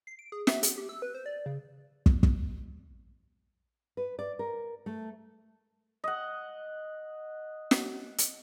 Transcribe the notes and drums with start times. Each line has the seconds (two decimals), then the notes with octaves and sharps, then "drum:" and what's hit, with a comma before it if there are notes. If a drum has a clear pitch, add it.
0.07 C7
0.19 D7
0.32 G#4
0.47 E5, drum: snare
0.63 G#4, drum: hi-hat
0.78 G4
0.89 E6
1.02 B4
1.14 C5
1.26 D5
1.46 C#3
2.06 drum: kick
2.23 drum: kick
3.97 B4
4.19 D5
4.39 A#4
4.86 A3
6.04 D#5 F#5
7.71 drum: snare
8.18 drum: hi-hat